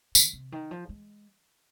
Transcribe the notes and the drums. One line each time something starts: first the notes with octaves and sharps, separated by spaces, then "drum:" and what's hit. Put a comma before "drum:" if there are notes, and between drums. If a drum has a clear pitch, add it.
D#3, drum: tambourine
C3
D#3
F3
G#3